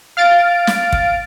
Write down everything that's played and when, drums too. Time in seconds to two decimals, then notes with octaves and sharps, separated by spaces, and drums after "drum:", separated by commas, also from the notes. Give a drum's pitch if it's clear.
0.17 F5 F6 A6 D7
0.67 drum: snare
0.92 drum: kick